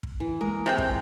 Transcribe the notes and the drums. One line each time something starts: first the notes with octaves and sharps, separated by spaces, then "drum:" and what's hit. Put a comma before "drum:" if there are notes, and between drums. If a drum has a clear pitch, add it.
drum: kick
E3
G#3 A#3 A#4
C3 G#3 C4 F4 E5 G5
drum: kick